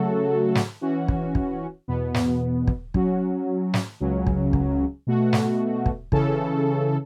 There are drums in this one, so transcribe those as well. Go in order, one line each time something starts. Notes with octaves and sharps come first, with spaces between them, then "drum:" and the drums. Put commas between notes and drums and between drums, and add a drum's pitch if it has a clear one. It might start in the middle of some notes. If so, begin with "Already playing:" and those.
Already playing: C#3 F#3 A3 F#4 A4
drum: snare
E3 C#4 F#4
drum: kick
drum: kick
E2 B2 B3
drum: snare
drum: kick
F#3 C#4 F#4, drum: kick
drum: snare
C#2 C#3 F#3 C#4
drum: kick
drum: kick
B2 A3 F#4
drum: snare
drum: kick
C#3 E3 C#4 A4, drum: kick